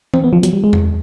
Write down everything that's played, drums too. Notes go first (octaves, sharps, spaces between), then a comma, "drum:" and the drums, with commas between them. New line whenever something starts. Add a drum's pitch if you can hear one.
C4, drum: tom E3
B3
F3
F#3, drum: hi-hat
G3
G#3
drum: tom E2